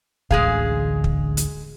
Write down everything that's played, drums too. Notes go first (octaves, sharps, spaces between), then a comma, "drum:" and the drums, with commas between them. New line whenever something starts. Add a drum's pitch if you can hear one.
A1 D2 D3 G#3 G#4 F5, drum: kick
drum: kick
drum: hi-hat